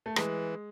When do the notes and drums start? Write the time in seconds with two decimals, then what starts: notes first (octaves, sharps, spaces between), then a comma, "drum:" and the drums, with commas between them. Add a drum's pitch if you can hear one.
0.06 A3
0.16 E3 G#3, drum: rim click